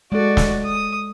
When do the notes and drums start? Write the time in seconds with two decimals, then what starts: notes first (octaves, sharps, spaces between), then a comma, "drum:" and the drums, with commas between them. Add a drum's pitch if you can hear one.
0.12 G#3 F#4 A4 D5
0.37 drum: snare
0.65 D#6